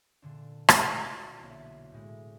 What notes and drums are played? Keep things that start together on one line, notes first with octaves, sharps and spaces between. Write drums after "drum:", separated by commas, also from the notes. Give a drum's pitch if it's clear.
A#2 D3 D4
drum: rim click
F4 F#4 A#4 B4 D5
B1 A#3 E4
A2 G#3